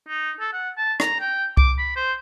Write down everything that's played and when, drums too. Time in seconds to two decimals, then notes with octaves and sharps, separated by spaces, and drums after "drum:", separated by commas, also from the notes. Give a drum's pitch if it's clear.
0.08 D#4
0.40 A4
0.53 F#5
0.78 A5
1.00 A#5, drum: rim click
1.20 G5
1.57 D6, drum: kick C2
1.78 B5
1.96 C5